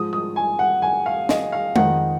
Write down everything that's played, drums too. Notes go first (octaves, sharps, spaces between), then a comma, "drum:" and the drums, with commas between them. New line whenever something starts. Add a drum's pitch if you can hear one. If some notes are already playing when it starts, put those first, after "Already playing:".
Already playing: G#2 F3 G#3 D#6
D#6
G#5
F#5
G#5
F5
D#5, drum: snare
F5
F2 D#3 G#3 D#4 F#5, drum: tom G#3